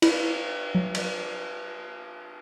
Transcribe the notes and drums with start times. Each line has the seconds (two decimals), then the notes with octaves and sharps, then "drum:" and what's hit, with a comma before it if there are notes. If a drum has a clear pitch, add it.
0.02 E4, drum: cymbal
0.75 F#3
0.95 drum: cymbal